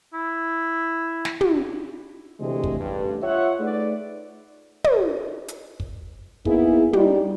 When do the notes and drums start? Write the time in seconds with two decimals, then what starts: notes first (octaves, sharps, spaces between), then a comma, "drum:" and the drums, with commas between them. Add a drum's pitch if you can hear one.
0.14 E4
1.25 drum: snare
1.41 drum: tom
2.40 D2 C3 E3 G#3 A3 C4
2.64 drum: kick
2.80 A1 G2
3.22 F4 C#5 E5 F#5
3.60 A3 D#4 G#4 B4 D5
4.84 drum: tom
5.48 drum: hi-hat
5.80 drum: kick
6.45 A#3 B3 D#4 E4 G#4, drum: kick
6.93 G3 D#4, drum: tom